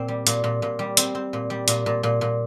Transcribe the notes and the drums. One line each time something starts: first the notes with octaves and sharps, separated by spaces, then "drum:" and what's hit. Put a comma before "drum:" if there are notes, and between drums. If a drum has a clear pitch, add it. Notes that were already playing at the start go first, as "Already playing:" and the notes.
Already playing: A#2 C4
G3
A#2, drum: hi-hat
A#2
A#2
G3
C4, drum: hi-hat
C4
A#2
G3
A#2, drum: hi-hat
A#2
A#2
A#2